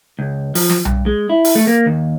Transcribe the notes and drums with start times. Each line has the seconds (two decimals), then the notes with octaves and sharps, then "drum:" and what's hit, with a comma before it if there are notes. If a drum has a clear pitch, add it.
0.19 C#2
0.55 F3, drum: open hi-hat
0.69 drum: snare
0.85 G2, drum: tom B1
1.06 G#3
1.30 E4
1.45 drum: open hi-hat
1.55 A3
1.67 A#3
1.86 D#2